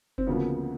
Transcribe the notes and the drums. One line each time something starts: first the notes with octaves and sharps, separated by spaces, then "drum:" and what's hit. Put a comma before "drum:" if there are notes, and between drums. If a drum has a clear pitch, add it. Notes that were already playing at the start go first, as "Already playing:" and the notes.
C4, drum: kick F1
D2 C#3 F3 A#3 B3